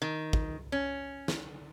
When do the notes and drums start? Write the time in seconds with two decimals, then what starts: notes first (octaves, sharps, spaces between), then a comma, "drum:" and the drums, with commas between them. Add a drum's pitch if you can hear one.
0.02 D#3
0.33 drum: kick
0.72 C#4
1.28 drum: snare